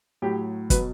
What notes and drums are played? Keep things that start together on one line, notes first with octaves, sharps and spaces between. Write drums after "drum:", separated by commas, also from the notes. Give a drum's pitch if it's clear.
A2 F#3 G4
B2 F#3 B4, drum: kick, hi-hat